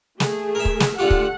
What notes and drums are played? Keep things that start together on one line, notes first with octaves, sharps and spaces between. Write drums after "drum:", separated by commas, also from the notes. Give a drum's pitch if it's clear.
A3 G#4, drum: snare
A#4 E5
drum: kick
drum: snare
D3 A3 F4 G4 F#5
drum: kick